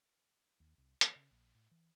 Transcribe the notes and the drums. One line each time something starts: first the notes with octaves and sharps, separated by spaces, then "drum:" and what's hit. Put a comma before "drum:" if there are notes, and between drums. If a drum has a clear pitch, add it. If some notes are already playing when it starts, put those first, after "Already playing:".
D#2
C2
E3, drum: hi-hat
C#3
A#1
A2
E3